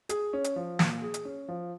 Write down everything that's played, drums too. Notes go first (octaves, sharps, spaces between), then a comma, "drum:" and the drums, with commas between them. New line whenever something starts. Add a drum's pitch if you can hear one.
G#4, drum: hi-hat
C#4
drum: hi-hat
F3
A#2, drum: snare
G#4
drum: hi-hat
C#4
F3